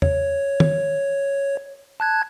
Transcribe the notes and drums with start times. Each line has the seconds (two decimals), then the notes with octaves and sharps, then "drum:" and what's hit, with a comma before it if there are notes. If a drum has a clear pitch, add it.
0.02 C#5, drum: tom
0.60 drum: tom
2.00 A5 F#6 G#6